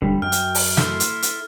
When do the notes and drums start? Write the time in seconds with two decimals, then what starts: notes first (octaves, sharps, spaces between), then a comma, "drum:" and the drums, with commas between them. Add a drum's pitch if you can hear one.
0.02 F1 D3 G3
0.22 F#2 G5 F6
0.32 drum: hi-hat
0.55 drum: open hi-hat
0.77 E4 A4 C6, drum: snare
1.00 drum: hi-hat
1.22 drum: hi-hat